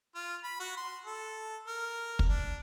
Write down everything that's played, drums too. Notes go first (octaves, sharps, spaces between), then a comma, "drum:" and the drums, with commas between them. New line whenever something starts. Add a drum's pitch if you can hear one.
F4
B5
F#4
C6
A4
A#4
drum: kick
D4